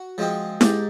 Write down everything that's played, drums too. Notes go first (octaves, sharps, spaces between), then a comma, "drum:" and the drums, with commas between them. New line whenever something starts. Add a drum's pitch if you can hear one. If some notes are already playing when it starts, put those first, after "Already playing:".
Already playing: F#4
F3 G#3 C4
G#2 G4, drum: snare E4